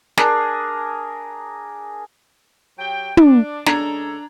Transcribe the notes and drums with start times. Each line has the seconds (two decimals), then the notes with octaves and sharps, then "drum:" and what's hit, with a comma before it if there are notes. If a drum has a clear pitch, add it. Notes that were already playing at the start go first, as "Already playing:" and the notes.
0.17 D4 G#4 A#4, drum: snare
2.79 F#3 G4 G5
3.17 D4, drum: tom
3.66 C#3 G#3 D4 A4 A#5 G#6, drum: snare